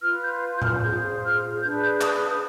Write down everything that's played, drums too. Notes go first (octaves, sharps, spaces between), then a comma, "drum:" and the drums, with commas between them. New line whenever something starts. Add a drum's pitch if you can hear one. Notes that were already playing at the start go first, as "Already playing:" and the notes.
F4 B4 F6
G6
G6
F6, drum: tom A2
F4 G#4 C5 G6
F6
D4 G#4 B4 G6
G6
D#6, drum: clap
D#6